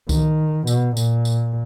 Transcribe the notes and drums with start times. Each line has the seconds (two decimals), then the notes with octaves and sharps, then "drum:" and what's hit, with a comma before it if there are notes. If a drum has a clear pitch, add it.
0.09 D#3, drum: kick C2, tambourine
0.67 B2, drum: tambourine
0.97 A#2, drum: tambourine
1.25 drum: tambourine